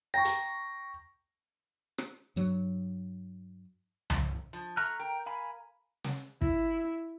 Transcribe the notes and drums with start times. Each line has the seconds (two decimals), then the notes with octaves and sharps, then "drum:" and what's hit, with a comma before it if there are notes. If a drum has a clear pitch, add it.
0.14 G5 A#5 C#6 A#6
0.25 drum: hi-hat
1.98 drum: rim click
2.36 G2 F#3
4.10 drum: tom C2
4.53 F3
4.77 A3 A#5 F6 F#6
5.00 A#4 G5
5.26 F5 G#5 B5
6.04 drum: snare
6.42 E4, drum: kick